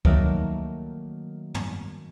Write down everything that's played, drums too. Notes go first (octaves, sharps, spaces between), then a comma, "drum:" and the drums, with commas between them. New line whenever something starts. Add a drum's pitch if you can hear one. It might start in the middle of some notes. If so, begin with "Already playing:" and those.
D#3 F#3 A3 A#3, drum: kick C#2
drum: tom